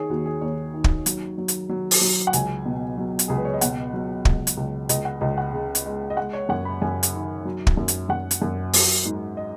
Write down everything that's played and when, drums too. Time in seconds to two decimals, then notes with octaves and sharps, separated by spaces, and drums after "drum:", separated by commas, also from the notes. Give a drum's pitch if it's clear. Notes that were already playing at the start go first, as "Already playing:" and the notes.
Already playing: D#3 G#4 C#5
0.10 D#2 F#4
0.26 G#4
0.42 D#2 C#5
0.74 D#3
0.84 drum: kick
1.06 F#3, drum: hi-hat
1.38 F#3
1.48 drum: hi-hat
1.69 F#3
1.91 drum: open hi-hat
2.01 F#3
2.27 F#5
2.33 C#2 G#5, drum: hi-hat
2.66 B2
2.98 F#3
3.19 drum: hi-hat
3.28 C#2 G#4
3.36 B4
3.45 C#5
3.54 D#5
3.61 B2 F#5, drum: hi-hat
3.93 F#3
4.25 C#2, drum: kick
4.47 drum: hi-hat
4.57 C#2
4.89 C#2 D#5, drum: hi-hat
5.05 F#5
5.21 C#2 D#5
5.38 F#5
5.53 C#3
5.75 drum: hi-hat
5.86 G#3
6.10 D#5
6.17 G#3 F#5
6.33 C#5
6.49 F#2 F#5
6.65 B5
6.82 F#2 G#5
7.03 drum: hi-hat
7.13 D#3
7.45 F#3
7.67 drum: kick
7.77 F#2
7.88 drum: hi-hat
8.09 F#2 F#5
8.31 drum: hi-hat
8.42 F#2
8.73 F#3, drum: open hi-hat
9.05 G#2
9.37 D#5